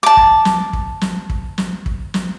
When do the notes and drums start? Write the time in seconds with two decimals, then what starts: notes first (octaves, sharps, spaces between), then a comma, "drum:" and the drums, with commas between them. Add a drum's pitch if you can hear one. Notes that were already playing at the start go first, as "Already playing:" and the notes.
0.03 A5 D6
0.17 drum: kick
0.45 drum: snare
0.73 drum: kick
1.01 drum: snare
1.30 drum: kick
1.58 drum: snare
1.86 drum: kick
2.14 drum: snare